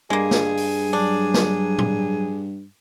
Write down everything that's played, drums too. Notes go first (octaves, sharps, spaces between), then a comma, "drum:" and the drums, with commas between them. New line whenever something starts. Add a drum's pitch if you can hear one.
G2 G3 G#3 A#3 G#4
drum: snare
drum: open hi-hat
F#3 D4
drum: snare
drum: tom A2